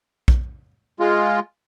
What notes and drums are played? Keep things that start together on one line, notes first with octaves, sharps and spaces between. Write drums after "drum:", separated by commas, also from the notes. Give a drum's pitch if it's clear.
drum: kick
G#3 F4